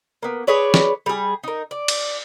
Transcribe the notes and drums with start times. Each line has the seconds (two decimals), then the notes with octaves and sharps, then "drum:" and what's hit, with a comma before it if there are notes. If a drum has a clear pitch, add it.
0.23 A#3 B3
0.47 G#4 B4 C#5 D5
0.74 drum: snare
1.06 G3 G#4
1.44 D#4 A#4
1.71 D5
1.88 drum: cymbal